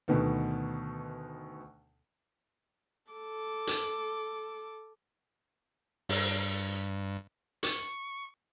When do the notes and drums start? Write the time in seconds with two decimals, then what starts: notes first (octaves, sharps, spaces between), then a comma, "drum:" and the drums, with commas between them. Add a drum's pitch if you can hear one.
0.08 D2 B2 D#3 B3
3.12 A4 D6
3.67 drum: hi-hat
6.09 G2, drum: open hi-hat
7.63 C#6, drum: hi-hat